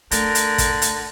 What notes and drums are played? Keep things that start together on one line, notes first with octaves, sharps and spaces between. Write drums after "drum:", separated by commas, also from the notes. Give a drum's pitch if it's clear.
D3 A3 A#4, drum: hi-hat
drum: hi-hat
drum: kick, hi-hat
drum: hi-hat